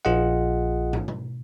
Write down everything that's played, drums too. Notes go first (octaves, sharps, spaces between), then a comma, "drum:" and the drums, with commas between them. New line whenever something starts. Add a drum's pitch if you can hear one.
A#1 F4 G#4 D#5 F#5
drum: tom
drum: tom B2